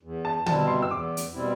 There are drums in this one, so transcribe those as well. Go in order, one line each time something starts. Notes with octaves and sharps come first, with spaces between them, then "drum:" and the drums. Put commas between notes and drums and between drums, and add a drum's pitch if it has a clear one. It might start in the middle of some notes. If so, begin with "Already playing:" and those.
E2
A5
B2 G3 C4 E4 A5, drum: tom D3
C6
E6
E2 D6
drum: hi-hat
B2 G3 C4 E4